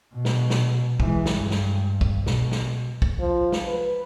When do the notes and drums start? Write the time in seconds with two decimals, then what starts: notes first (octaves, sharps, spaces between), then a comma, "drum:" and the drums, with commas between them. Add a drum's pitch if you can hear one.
0.15 B2
0.25 drum: snare
0.50 drum: snare
1.00 E3 G#3, drum: kick
1.26 drum: snare
1.35 G2
1.51 drum: snare
2.01 drum: kick
2.26 B2, drum: snare
2.52 drum: snare
3.02 drum: kick
3.20 F3
3.52 drum: snare
3.68 B4